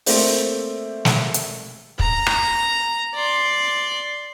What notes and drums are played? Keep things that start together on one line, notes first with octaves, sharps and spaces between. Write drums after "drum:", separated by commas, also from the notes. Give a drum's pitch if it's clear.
A3 A#3 C4 C5 D5 E5, drum: open hi-hat
drum: snare
drum: hi-hat
A#5, drum: kick
drum: rim click
D5 C6